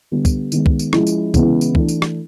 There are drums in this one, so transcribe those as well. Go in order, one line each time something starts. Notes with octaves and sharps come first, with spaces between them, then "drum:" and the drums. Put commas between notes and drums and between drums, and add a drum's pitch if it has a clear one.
D3 G3 B3
drum: kick, tambourine
D#3 G#3 B3, drum: tambourine
drum: kick
drum: tambourine
F3 G#3 C#4 E4, drum: rim click
drum: tambourine
C#3 E3 G#3 B3 E4, drum: kick, tambourine
drum: tambourine
E3 A3 D4, drum: kick
drum: tambourine
drum: rim click